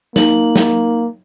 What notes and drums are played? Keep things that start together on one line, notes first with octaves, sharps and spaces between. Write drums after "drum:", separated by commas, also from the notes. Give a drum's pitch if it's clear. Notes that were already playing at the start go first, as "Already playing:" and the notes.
A#3 D#4 F#7, drum: snare
drum: snare